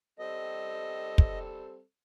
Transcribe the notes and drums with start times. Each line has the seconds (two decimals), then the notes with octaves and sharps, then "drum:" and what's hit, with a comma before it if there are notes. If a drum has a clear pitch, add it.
0.19 G3 C4 A4 D#5
1.18 drum: kick